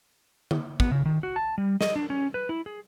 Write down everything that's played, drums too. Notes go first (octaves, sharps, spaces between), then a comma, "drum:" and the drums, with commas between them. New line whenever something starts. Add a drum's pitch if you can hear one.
drum: tom D3
B3, drum: kick
C#3
D#3
F#4
A5
G3
D#5, drum: snare
D4
C#4
B4
E4
G#4